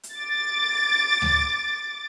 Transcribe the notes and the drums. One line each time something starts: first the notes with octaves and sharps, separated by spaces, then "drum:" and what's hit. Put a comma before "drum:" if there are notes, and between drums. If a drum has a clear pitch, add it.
drum: hi-hat
D6 A6
drum: tom D2